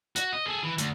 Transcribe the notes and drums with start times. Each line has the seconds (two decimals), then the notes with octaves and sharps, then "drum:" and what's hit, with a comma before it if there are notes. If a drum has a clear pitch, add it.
0.16 F#4, drum: hi-hat
0.33 D#5
0.47 G#4 A4
0.63 E3
0.78 D2, drum: hi-hat